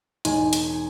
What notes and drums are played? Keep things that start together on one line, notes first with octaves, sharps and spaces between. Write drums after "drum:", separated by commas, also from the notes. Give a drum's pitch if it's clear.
E1 D#4 G#5, drum: hi-hat
drum: hi-hat